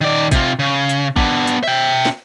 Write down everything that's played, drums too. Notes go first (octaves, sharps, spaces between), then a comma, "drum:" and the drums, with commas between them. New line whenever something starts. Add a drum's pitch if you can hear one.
D#3 D5
C3 F4, drum: kick A1, hi-hat
C#3
drum: hi-hat
B3 D4, drum: kick A1
drum: hi-hat
E5 G5
drum: snare